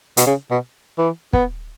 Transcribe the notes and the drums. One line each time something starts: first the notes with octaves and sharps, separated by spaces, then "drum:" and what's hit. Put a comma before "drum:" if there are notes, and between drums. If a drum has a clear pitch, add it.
B2, drum: hi-hat
C#3
B2
E3
B3, drum: kick